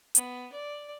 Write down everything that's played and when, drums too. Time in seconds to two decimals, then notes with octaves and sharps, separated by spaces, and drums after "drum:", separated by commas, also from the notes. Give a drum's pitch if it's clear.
0.15 B3, drum: hi-hat
0.52 D5